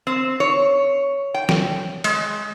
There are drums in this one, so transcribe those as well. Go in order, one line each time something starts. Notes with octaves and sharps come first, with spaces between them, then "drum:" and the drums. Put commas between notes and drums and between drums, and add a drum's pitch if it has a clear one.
C4
C#5
G5
drum: snare
G#3, drum: cymbal